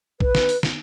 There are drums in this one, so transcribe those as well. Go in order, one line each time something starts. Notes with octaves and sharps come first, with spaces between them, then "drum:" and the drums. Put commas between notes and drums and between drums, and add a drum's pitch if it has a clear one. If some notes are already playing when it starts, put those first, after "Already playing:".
B4, drum: kick A#1
drum: snare
drum: open hi-hat
drum: snare